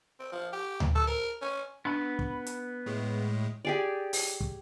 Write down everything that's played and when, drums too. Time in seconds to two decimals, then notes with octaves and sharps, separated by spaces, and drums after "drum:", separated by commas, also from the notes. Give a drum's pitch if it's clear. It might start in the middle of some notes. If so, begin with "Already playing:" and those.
0.20 C4
0.32 F3
0.53 G4
0.80 drum: tom D2
0.95 A4
1.07 A#4
1.42 C#4
1.85 B3 D4 B5
2.19 drum: kick
2.47 drum: hi-hat
2.86 A2 G#3
3.65 G4 G#4 D5
4.13 drum: open hi-hat
4.41 drum: kick